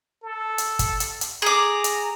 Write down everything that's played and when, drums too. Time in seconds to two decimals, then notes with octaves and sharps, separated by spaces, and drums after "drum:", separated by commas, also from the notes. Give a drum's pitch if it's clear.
0.23 A4
0.58 drum: hi-hat
0.79 drum: kick, hi-hat
1.00 drum: hi-hat
1.21 drum: hi-hat
1.42 G#4 A#5 D6
1.84 drum: hi-hat